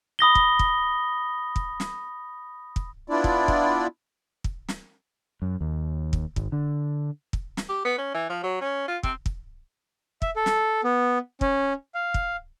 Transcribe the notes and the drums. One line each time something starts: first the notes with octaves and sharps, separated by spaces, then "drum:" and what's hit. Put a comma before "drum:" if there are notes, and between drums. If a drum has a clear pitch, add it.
B5 D#6 A#6 G7
drum: kick
drum: kick
drum: kick
drum: snare
drum: kick
B3 D4 E4 F4 D5
drum: kick
drum: kick
drum: kick
drum: snare
F#2
D#2
drum: kick
G#1, drum: kick
D3
drum: kick
drum: snare
G4
B3
C#4
E3
F3
F#3
C#4
F4
C4, drum: kick
drum: kick
E5, drum: kick
A4
drum: snare
B3
C#4, drum: kick
F5
drum: kick